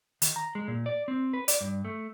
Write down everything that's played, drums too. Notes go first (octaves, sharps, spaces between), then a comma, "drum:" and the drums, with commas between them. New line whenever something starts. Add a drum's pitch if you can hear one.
D#3, drum: hi-hat
A#5
G#3
A#2
D5
C4
B4
D5, drum: hi-hat
G2
A3